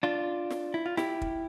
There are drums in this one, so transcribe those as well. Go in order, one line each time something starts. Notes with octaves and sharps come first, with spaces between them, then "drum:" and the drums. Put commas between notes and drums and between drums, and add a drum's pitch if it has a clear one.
D4 F4
drum: snare
E4
F4
E4 G4, drum: snare
drum: kick